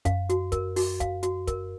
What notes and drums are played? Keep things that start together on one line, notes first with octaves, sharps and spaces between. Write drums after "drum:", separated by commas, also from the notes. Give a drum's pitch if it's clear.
F#2 F5, drum: kick, hi-hat
F#4, drum: hi-hat
A#4, drum: kick, hi-hat
F#4, drum: open hi-hat
F5, drum: kick, hi-hat
F#4, drum: hi-hat
A#4, drum: kick, hi-hat